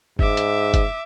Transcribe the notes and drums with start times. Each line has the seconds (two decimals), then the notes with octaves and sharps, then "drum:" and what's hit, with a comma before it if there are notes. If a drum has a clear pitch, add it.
0.19 G#2 E5 D6, drum: kick F#1
0.37 drum: hi-hat
0.74 drum: kick F#1, hi-hat